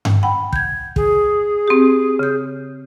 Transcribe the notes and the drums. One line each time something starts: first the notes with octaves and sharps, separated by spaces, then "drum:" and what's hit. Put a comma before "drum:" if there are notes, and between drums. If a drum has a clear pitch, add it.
drum: tom G2
F#5 G5 B5
G6 G#6, drum: kick
G#4, drum: kick
C4 G4
C#3 G6